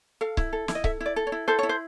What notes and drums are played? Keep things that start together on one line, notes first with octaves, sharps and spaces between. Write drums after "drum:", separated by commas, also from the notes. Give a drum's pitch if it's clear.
A4 F5
E4, drum: kick C#1
A4
E4, drum: snare
D#5
A4 E5, drum: kick C#1
E4
D5
A4
C#5
E4
A4 C5
E4 C#5
C5